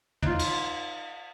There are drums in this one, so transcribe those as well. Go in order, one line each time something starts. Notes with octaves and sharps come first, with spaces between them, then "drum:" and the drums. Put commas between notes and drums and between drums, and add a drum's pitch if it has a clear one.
D#4 F4, drum: tom
drum: cymbal